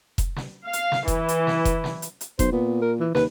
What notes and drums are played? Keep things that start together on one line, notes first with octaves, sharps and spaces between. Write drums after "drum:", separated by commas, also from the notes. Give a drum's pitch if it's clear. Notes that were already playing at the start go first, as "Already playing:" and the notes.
drum: kick F1, hi-hat
drum: snare
F5
drum: hi-hat
drum: snare
E3, drum: kick F1, hi-hat
drum: hi-hat
drum: snare
drum: kick F1, hi-hat
drum: snare
drum: hi-hat
drum: hi-hat
B1 C5, drum: kick F1, hi-hat
A#2 B3
A#4
E3
D#2 B4, drum: snare